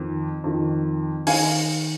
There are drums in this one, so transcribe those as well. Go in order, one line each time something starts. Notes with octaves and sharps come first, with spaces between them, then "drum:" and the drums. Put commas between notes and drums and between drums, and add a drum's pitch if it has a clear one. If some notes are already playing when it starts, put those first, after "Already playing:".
Already playing: F2 D#3
F2 D#3
D#3 F5 G#5, drum: open hi-hat